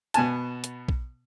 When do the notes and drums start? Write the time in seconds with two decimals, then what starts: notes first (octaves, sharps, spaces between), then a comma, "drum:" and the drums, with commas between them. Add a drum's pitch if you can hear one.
0.14 B2 B3 G#5 A5, drum: hi-hat
0.64 drum: hi-hat
0.88 drum: kick